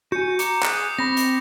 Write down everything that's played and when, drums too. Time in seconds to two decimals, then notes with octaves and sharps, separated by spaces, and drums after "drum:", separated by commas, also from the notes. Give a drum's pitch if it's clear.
0.12 F#4 G#5 G6 C#7
0.39 A#5 D6 C#7, drum: hi-hat
0.63 G#4 F#6, drum: clap
0.77 D#6
0.98 C4 B5 A#6
1.17 drum: hi-hat